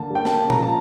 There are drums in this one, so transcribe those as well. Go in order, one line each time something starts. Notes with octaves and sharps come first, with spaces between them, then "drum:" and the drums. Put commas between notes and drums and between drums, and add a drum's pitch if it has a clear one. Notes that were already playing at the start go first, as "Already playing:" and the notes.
Already playing: D3 A#3 A5
G3
G5
A#3 A5, drum: snare
C#3
A#5, drum: tom
F3
A5